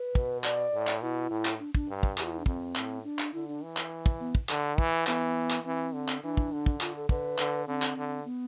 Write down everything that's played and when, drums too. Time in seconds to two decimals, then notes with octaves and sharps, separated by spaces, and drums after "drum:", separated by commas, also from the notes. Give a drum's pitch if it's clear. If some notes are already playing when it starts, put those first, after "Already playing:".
Already playing: B4
0.15 B2, drum: kick
0.44 D5, drum: clap
0.73 A2
0.87 drum: clap
1.02 B2 E4
1.31 A2
1.45 drum: clap
1.60 D4
1.75 D4, drum: kick
1.89 G2
2.03 drum: kick
2.18 E2 G4, drum: clap
2.25 F4
2.32 E4
2.39 D4
2.46 F2 C4, drum: kick
2.76 A2, drum: clap
3.04 D4
3.19 drum: clap
3.34 D3 E4
3.48 D4
3.62 E3
3.77 drum: clap
4.06 drum: kick
4.20 B3
4.35 drum: kick
4.49 D3, drum: clap
4.78 E3, drum: kick
5.07 E3 B3, drum: clap
5.51 drum: clap
5.65 E3 C4
5.94 D3
6.08 drum: clap
6.23 E3 D4
6.37 drum: kick
6.52 D3
6.66 drum: kick
6.81 F4, drum: clap
6.95 A4
7.09 D3 B4, drum: kick
7.38 D3, drum: clap
7.67 D3 C4
7.82 drum: clap
7.97 D3
8.25 B3